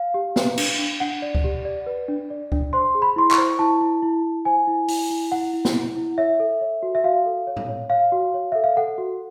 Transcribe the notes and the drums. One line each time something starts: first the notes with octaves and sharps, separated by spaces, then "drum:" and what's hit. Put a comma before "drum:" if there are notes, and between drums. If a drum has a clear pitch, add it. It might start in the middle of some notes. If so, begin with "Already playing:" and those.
Already playing: F5
G4
B4, drum: snare
D4, drum: cymbal
D4
D4 F#5
D5
drum: kick C#2
G4
D5
B4
D4
D5
D4, drum: kick C#2
C5 C6
G#4
B5
E4 C6
C#6, drum: clap
C5
E4 A5
E4
E4
E4
C5 G#5
E4
E4, drum: open hi-hat
E4
E4 F#5
E4
drum: snare
E4
E4
C#5 E5
A4
C#5
F#4
E5
F#4 F5
A4
C#5
drum: tom
C#5
C#5 F5
F#4
C#5
A4 E5
F5
A4 F#5
F#4